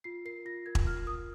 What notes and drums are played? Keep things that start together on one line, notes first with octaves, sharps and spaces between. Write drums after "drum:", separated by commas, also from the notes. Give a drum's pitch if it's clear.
F4 C7
A#4 C7
F4 A#6
A#4 G#6
drum: kick E1
F4 F6
A#4 D#6